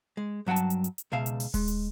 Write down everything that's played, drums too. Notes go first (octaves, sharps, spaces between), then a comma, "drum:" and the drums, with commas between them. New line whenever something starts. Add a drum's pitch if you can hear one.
G#3
G2 F#3 F#5 G5 A5
drum: hi-hat
drum: hi-hat
drum: hi-hat
drum: hi-hat
C#2 B2 E5 F5
drum: hi-hat
drum: open hi-hat
G#3, drum: kick D#1, open hi-hat
drum: hi-hat